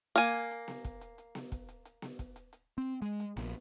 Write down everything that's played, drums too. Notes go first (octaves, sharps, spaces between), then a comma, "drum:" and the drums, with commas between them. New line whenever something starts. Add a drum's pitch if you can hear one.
A#3 G#5
drum: hi-hat
drum: hi-hat
drum: snare B3
drum: kick, hi-hat
drum: hi-hat
drum: hi-hat
drum: snare B3
drum: kick, hi-hat
drum: hi-hat
drum: hi-hat
drum: snare B3
drum: kick, hi-hat
drum: hi-hat
drum: hi-hat
C4
G#3, drum: hi-hat
drum: hi-hat
A#1, drum: snare B3